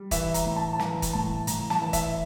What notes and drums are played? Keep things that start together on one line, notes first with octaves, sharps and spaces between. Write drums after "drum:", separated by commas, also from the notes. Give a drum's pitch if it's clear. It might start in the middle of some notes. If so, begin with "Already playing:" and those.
Already playing: G3
E3 E5, drum: kick, hi-hat
A#5, drum: hi-hat
A2
A5
A5
E3 A#5, drum: snare
drum: kick, hi-hat
A2 A5
A2 A#5, drum: hi-hat
A5, drum: snare
E3
E5, drum: kick, hi-hat